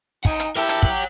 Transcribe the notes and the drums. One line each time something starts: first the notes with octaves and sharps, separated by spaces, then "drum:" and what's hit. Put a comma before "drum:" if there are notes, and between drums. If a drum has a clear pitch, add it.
D#4 F#5 G#5, drum: kick
drum: hi-hat
E4 G4 A#4 A5
drum: hi-hat
C#5 F#5, drum: kick